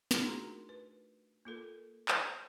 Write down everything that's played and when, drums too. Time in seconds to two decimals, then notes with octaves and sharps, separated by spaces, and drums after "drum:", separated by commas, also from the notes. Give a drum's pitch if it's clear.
0.11 A3 D4 D#4 F4 F#4 G#4, drum: snare
0.26 F#4 A#4 A#5 C6
0.69 B4
1.45 A#3 F4 A4 A#4
2.08 drum: clap